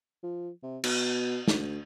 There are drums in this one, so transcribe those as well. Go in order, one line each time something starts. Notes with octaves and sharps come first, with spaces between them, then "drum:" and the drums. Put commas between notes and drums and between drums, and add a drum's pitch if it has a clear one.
F3
C3
B2, drum: cymbal
D2, drum: snare